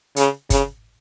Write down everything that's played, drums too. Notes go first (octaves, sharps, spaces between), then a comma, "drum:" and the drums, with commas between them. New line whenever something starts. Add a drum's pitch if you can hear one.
C#3, drum: hi-hat
C#3, drum: kick F#1, hi-hat